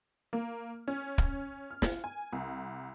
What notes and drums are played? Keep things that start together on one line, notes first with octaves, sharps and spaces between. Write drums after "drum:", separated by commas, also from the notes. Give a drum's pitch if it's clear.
A#3
C#4
drum: kick
F6
drum: snare
G#5
C2